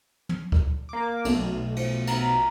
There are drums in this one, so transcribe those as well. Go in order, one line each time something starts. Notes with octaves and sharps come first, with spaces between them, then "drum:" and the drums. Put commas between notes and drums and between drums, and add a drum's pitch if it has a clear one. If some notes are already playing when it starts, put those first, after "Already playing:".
drum: tom
drum: kick
A#3 D6
B1 A3, drum: cymbal
F3, drum: cymbal
A#5 B5, drum: cymbal